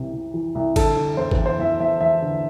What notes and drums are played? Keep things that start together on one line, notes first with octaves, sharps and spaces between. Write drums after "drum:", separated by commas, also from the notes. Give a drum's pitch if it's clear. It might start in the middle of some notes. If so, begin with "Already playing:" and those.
Already playing: C2 C3 E3
C3
E3
C2
D3 A4, drum: kick G#1, cymbal
D3
E2 C5
B4, drum: kick G#1
E2
C5
E2 E5
E2 E5
E2 E5
D3